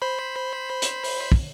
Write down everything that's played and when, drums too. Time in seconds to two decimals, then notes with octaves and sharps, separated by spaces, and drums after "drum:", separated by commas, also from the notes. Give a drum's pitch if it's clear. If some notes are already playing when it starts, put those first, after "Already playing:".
0.02 C5 B5
0.82 drum: hi-hat
1.04 drum: open hi-hat
1.32 drum: kick